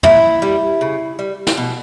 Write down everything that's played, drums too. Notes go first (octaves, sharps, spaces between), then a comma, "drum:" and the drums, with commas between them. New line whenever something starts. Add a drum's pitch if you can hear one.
A#2 E4, drum: tom
G3
C#3
G3
drum: snare
B2